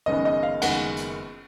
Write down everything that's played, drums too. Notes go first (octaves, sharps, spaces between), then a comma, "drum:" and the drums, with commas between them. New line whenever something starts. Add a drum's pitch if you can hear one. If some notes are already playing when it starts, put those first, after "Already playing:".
F#1 F#2 D#3 G#3 B3 D#5
D#5
F5
F#1 F#2 D#3 G#3 B3 F#5, drum: cymbal
drum: hi-hat